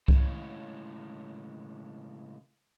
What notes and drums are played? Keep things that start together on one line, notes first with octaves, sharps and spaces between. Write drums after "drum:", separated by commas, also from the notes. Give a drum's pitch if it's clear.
C#2 A2, drum: kick C2